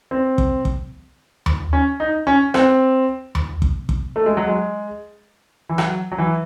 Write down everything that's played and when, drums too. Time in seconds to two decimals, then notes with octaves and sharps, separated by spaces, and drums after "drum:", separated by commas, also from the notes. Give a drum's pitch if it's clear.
0.11 C4
0.38 drum: kick
0.65 drum: kick
1.46 drum: tom D#2
1.73 C#4
2.00 D#4
2.27 C#4
2.54 C4, drum: rim click
3.35 drum: tom D#2
3.62 drum: kick
3.89 drum: kick
4.16 A3
4.26 G#3
4.37 F#3
4.48 G#3
5.69 E3
5.78 F#3, drum: rim click
6.12 F#3
6.18 E3